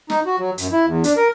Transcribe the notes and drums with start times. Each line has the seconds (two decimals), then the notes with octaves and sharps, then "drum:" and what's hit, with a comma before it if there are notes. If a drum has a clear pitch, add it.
0.10 D#4, drum: snare
0.26 F#4
0.39 F#3
0.58 F#2, drum: hi-hat
0.72 E4
0.86 E2
1.04 D4, drum: hi-hat
1.17 A#4